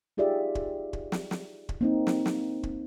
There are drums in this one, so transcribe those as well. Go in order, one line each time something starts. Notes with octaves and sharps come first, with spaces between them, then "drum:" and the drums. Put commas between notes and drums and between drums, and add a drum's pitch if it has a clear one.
D#4 F4 G4 G#4 D5 E5
drum: kick
drum: kick
drum: snare
drum: snare
drum: kick
A#3 C4 D#4
drum: snare
drum: snare
drum: kick